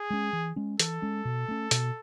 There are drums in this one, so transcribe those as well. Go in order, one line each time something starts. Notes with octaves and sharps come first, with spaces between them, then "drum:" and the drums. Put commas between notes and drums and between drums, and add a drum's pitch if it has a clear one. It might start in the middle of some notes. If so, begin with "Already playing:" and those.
Already playing: G#4
G#3 C#4
E3
G#3 C#4
E3 A4, drum: hi-hat
G#3 C#4
B2
A3 C#4
B2, drum: hi-hat